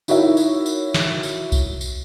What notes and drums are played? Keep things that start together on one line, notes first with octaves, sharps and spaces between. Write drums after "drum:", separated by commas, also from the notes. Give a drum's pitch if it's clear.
D#4 E4 F#4 A#4 C#5 E5, drum: tambourine
drum: tambourine
drum: tambourine
drum: snare
drum: tambourine
drum: kick C2, tambourine
drum: tambourine